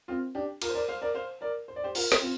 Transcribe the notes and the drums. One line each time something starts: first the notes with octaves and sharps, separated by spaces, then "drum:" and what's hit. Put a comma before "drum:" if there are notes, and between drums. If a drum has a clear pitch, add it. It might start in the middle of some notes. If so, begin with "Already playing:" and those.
C4 F4
D4 G4
F4 A#4, drum: cymbal
C5
A#4 D5
C5 F5
A#4 D5
C5 F5
A#4 D5
C5
D5
G4 C5
F4 A#4, drum: cymbal
drum: snare
C4 F4